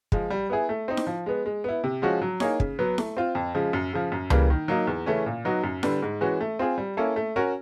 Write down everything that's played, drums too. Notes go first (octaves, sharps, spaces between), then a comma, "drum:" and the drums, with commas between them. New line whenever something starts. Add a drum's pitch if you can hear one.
F3 G#3, drum: kick
G3
B3 E4 G#4
A3
C4 D#4
drum: snare E4
F3
G#3 B3
G#3
B3 E4
C3
F3 G#3 C#4 F#4
F#3
A#3 D#4 G#4 C#5, drum: snare E4
C#3, drum: kick
F#3 B3
A3, drum: snare E4
C4 F4
F2
C#3 F3 G#3
F#2
C#3 F3
F#2
C#3 E3 G3 A#3, drum: tom C#2
D#3
F#3 A#3 D#4
E2
C#3 E3 A3 C#4
A#2
F#3 B3 D#4 F#4
F#2
D3 G3 B3, drum: snare E4
G#2
E3 G#3 C#4 F#4
A3
C4 F4 G#4
G3
A#3 C#4 E4 A4
A3
C#4 F#4 A#4